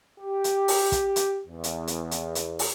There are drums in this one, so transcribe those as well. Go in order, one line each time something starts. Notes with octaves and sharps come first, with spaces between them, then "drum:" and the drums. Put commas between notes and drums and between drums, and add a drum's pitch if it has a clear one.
G4
drum: hi-hat
drum: open hi-hat
drum: kick, hi-hat
drum: hi-hat
E2
drum: hi-hat
drum: hi-hat
drum: hi-hat
drum: hi-hat
drum: open hi-hat